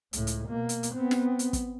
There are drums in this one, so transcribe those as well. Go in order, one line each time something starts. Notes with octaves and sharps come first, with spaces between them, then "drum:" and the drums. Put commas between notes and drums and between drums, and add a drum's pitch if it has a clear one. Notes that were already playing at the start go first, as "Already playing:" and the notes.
C#2 A2, drum: hi-hat
drum: hi-hat
B2 A#3
drum: hi-hat
drum: hi-hat
B3 C4
drum: snare
drum: hi-hat
drum: kick, hi-hat